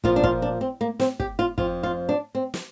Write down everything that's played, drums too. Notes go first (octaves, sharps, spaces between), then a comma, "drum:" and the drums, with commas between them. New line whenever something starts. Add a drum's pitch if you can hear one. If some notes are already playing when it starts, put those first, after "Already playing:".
A#2 F3 F4, drum: kick
D4
F4, drum: kick
D4
C4
A#3
C4, drum: snare
G4, drum: kick
F4
F2 F3 F4, drum: kick
F4
D4
C4
drum: snare